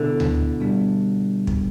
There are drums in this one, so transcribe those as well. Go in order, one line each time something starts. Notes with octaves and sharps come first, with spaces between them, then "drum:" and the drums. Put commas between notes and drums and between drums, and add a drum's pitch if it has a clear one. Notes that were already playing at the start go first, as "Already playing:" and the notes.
Already playing: B2 D3 B3 E4
drum: tom D2
B2 G3 D4
drum: kick